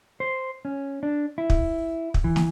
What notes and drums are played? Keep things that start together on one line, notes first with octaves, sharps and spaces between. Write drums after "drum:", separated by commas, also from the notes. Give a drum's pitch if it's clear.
C5
C#4
D4
E4
drum: kick
drum: kick
E3
drum: snare